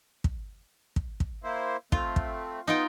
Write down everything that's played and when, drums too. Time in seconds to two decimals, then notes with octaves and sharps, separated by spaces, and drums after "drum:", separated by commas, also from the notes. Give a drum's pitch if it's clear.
0.24 drum: kick
0.96 drum: kick
1.20 drum: kick
1.44 A#3 E4 C5
1.92 A3 C4 F4, drum: kick
2.16 drum: kick
2.67 B3 D#4 F4 G5 D#6